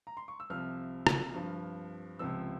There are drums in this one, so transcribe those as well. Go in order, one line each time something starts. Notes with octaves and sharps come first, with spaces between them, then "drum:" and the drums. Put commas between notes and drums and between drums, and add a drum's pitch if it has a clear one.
A#5
C6
C#6
E6
C2 C3 F3 F6
drum: rim click
G2 F3
C#2 C3 F3 E6